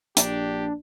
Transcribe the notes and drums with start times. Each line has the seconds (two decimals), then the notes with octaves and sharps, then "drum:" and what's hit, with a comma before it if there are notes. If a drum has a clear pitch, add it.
0.17 A#1 D4 G4, drum: hi-hat